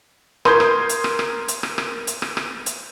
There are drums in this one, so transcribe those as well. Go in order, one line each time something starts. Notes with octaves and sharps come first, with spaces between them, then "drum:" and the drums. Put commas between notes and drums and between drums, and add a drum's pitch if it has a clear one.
A#4 C6 D#6 G6 G#6, drum: rim click
drum: rim click
drum: hi-hat
drum: rim click
drum: rim click
drum: hi-hat
drum: rim click
drum: rim click
drum: hi-hat
drum: rim click
drum: rim click
drum: hi-hat